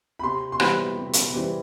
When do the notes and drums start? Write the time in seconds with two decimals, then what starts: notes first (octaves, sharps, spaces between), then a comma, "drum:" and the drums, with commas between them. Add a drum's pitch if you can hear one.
0.19 B5
0.23 C3 C6
0.52 C6
0.60 E3 G3 C4 B5, drum: rim click
0.97 C3
1.13 drum: hi-hat
1.34 E3 G3 C4